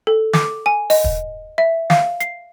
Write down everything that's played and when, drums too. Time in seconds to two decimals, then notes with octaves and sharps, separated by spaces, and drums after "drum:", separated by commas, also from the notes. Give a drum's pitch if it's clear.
0.07 A4
0.33 D6, drum: snare
0.66 G#5
0.90 D#5, drum: open hi-hat
1.04 drum: kick
1.58 E5
1.90 F5, drum: snare
2.20 C7, drum: hi-hat